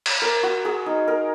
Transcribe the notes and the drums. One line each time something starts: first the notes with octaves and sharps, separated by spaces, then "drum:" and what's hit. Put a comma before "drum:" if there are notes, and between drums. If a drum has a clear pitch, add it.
drum: cymbal
A#4
F#4
G#4
D#4
A#4